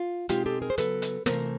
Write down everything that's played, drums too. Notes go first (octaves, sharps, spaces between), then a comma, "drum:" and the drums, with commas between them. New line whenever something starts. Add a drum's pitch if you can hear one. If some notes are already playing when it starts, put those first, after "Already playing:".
Already playing: F4
B2 G#3 C4 D#4 F4 G4, drum: hi-hat
G4 A4
G#4 A#4
C5
C#3 F#3 B3 A4 B4, drum: hi-hat
drum: hi-hat
C3 E3 A3 A#4 C5, drum: snare